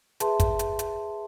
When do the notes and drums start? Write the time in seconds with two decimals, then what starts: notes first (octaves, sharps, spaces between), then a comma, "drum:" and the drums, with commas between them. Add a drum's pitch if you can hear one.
0.20 G#4 B4 E5 A5 C6, drum: hi-hat
0.40 drum: kick, hi-hat
0.59 drum: hi-hat
0.79 drum: hi-hat